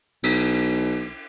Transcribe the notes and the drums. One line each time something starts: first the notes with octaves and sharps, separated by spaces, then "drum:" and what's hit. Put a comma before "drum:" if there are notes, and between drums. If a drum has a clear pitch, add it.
B1, drum: cymbal